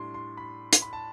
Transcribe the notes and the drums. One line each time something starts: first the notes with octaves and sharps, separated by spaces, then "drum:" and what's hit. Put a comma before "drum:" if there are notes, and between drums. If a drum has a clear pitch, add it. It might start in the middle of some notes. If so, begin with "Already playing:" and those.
Already playing: A2 G3 D4 C6
C6
B5
drum: hi-hat
B5
A5